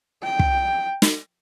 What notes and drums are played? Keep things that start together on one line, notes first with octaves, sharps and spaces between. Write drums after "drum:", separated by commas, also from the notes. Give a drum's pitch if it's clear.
G5
drum: kick
drum: snare